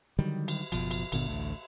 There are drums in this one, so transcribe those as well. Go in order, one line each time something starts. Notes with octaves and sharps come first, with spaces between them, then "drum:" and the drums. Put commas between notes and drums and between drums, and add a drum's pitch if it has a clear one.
D3 D#3 F#3 G3
drum: cymbal
F#1 C2 B2 F3, drum: cymbal
drum: cymbal
G1 A#2 D3 B3, drum: cymbal
A1 D2 A3